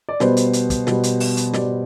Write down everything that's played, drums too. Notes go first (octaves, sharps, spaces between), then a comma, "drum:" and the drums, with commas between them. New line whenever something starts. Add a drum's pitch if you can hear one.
D5
B2 G3 B3 C5, drum: snare
drum: hi-hat
drum: hi-hat
drum: kick, hi-hat
B2 G3 B3, drum: snare
drum: hi-hat
drum: open hi-hat
drum: hi-hat
B2 G3 B3 D5, drum: snare